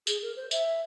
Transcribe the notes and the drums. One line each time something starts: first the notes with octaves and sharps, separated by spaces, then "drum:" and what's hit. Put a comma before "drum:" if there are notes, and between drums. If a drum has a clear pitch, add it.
G#4, drum: tambourine
A#4
C5
E5, drum: tambourine